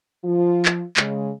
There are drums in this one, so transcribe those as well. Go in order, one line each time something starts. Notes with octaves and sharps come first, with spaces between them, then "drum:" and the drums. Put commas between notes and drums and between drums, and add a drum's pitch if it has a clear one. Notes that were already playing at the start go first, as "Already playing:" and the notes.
F3 F4
drum: clap
C#3 G#3, drum: clap